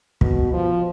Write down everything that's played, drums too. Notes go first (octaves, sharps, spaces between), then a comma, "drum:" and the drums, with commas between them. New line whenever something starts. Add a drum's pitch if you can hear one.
B2, drum: kick
F3